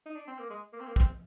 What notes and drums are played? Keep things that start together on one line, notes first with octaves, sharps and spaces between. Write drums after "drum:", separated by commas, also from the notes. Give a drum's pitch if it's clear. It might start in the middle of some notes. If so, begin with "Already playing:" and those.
D#4
D4
C4
A#3
G#3
A#3
C4
A#3
C4, drum: kick